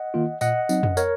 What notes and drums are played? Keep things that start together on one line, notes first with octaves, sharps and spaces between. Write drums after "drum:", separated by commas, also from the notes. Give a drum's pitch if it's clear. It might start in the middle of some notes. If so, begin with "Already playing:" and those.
Already playing: D#5 F#5
D#3 A#3 F4
A#2 D#5 F#5, drum: tambourine
F#3 C4 D#4, drum: tambourine
drum: tom F2
A#4 C#5, drum: tambourine